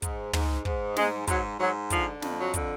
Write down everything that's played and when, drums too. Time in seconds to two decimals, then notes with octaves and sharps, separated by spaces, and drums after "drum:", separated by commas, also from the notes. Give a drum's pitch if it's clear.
0.02 G#2, drum: kick, hi-hat
0.33 G#2, drum: tom
0.65 G#2, drum: kick
0.96 G#2 G#3, drum: snare
1.28 G#2 F#3, drum: kick, hi-hat
1.59 G#2 F#3
1.90 D3 F3, drum: kick, hi-hat
2.22 F2, drum: snare
2.38 F#3
2.54 D3, drum: kick, hi-hat